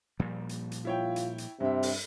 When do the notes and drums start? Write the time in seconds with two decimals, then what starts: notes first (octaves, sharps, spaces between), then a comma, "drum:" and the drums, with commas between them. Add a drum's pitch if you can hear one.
0.19 A#2 F3 G3
0.49 drum: hi-hat
0.72 drum: hi-hat
0.85 E4 F4 C#5 G5
1.16 drum: hi-hat
1.38 drum: hi-hat
1.60 G2 C3 E5
1.83 drum: open hi-hat